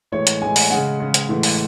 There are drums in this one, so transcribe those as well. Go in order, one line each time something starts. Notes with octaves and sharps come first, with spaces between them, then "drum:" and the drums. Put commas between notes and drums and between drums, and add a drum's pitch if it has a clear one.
A2 E3 G#3 C#5
drum: hi-hat
A2 E3 G#3 G#5
drum: open hi-hat
C#3 G#3 F#5
C#3 G#3
drum: hi-hat
A2 E3 G#3
drum: open hi-hat